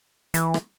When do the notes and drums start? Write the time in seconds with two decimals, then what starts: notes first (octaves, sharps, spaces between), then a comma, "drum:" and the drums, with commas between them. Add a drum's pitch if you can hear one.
0.34 E3, drum: hi-hat
0.54 drum: rim click